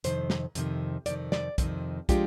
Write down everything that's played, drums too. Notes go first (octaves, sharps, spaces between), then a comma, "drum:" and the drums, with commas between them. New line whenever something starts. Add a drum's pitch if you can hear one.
F2 C3 D#3 C5, drum: hi-hat
drum: snare
F2 C3 D#3, drum: hi-hat
F2 C3 D#3 D5, drum: hi-hat
D5, drum: snare
F2 C3 D#3, drum: kick, hi-hat
F3 G#3 D4 F4 G4, drum: kick, hi-hat